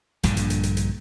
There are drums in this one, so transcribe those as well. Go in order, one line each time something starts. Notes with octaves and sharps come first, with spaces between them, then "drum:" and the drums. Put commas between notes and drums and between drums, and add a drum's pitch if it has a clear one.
A#1 G2 A#2 D3, drum: hi-hat
drum: hi-hat
drum: hi-hat
drum: hi-hat
drum: hi-hat